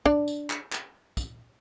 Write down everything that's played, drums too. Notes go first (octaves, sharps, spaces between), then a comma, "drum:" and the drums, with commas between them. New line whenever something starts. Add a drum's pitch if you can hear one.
D4 D5, drum: kick
drum: tambourine
drum: clap
drum: clap
drum: kick, tambourine